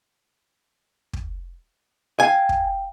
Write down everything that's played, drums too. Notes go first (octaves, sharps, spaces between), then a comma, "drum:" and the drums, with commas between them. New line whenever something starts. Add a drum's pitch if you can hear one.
drum: kick
F5 G5 G#5
drum: kick